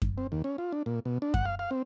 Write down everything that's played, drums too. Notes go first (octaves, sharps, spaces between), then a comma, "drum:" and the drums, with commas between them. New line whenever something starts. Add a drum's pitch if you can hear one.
drum: kick F#2
C4
D#2
C#4
F4
D4
A#2
B2
D4
F#5, drum: kick F#2
F5
F5
C4